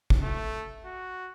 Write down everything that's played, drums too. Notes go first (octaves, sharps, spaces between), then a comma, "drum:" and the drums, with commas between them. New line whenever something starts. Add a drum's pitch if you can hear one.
drum: kick
A3
F#4